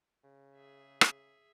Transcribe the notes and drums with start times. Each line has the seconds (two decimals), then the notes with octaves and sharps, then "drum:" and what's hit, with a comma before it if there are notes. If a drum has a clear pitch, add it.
0.24 C#3
0.55 G#4 E5
1.01 drum: rim click